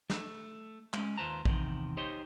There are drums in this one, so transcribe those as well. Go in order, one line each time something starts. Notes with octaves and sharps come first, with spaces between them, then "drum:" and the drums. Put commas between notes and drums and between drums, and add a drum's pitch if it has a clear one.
A3, drum: snare
G#3 C#4, drum: clap
D#2 F4 B4 C5 A5 A#5
E2 C3 D#3, drum: kick
D#4 G4 C5 C#5 D#5 C6